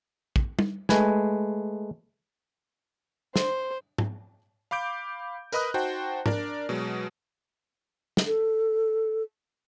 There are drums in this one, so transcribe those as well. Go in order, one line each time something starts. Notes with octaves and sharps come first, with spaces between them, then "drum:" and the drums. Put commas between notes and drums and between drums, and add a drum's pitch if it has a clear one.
drum: kick
drum: tom
G#3 A3 B4 G#5, drum: snare
C5, drum: snare
drum: tom G#2
F5 B5 D6 G6 D7
A#4 B4 D#5 B5 D#6 F#6, drum: tambourine
D#4 F#4 C5 G5 A5
D4 A#4 D5, drum: tom G#2
B2 F#3 G#3
drum: snare
A4